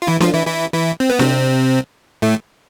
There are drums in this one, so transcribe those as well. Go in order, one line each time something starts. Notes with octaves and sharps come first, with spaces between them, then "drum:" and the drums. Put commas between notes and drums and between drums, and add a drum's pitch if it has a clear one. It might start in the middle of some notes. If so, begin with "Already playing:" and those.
F4
E3 E4
F3 F4, drum: snare D4
E3 E4
E3 E4
E3 E4
C4
B3
C3 C4, drum: snare D4
A2 A3